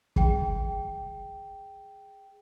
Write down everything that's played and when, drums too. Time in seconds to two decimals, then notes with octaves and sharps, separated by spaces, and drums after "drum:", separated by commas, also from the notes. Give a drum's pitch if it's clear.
0.16 G#4 G5, drum: kick F#1